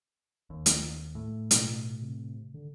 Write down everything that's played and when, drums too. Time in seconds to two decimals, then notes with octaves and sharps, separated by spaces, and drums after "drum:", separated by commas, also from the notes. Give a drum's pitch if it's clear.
0.50 D#2
0.66 drum: hi-hat
1.15 A2
1.51 B2, drum: hi-hat
2.02 C3
2.54 D3